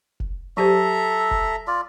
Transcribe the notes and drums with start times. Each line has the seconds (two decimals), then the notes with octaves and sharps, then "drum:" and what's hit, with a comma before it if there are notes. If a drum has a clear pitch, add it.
0.20 drum: kick F1
0.57 F#3 G4 A4 C5 E5 A#5
1.31 drum: kick F1
1.67 F4 D5